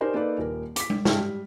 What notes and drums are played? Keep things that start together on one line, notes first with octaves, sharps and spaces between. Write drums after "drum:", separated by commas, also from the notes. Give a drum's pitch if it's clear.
D#4 G4 A#4 C5 D5 G#5
A#3 D#4 A4 B4 D5
D#1 A#4
D6 B6, drum: hi-hat
drum: tom G#3
G2 G#4 E5 G5 F6, drum: snare
G3